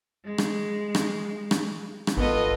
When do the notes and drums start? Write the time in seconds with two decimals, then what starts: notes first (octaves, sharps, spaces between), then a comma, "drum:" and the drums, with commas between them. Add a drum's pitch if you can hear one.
0.24 G#3
0.38 drum: rim click
0.95 drum: rim click
1.51 drum: rim click
2.07 drum: rim click
2.17 G#1 B3 F4 A4 D#5